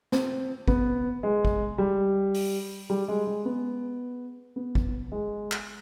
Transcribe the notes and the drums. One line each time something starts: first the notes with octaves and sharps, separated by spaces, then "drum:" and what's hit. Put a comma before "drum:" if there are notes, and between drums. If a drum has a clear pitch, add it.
C4, drum: snare
B3, drum: kick G#1
G#3
drum: kick G#1
G3
drum: open hi-hat
G3
G#3
G#3
B3
B3
drum: kick G#1
G#3
drum: clap